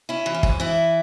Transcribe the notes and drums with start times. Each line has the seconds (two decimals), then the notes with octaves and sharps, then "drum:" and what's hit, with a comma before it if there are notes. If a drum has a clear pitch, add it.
0.09 C#4 E4
0.26 E3
0.34 C#4
0.43 G#2, drum: kick
0.60 E3 E4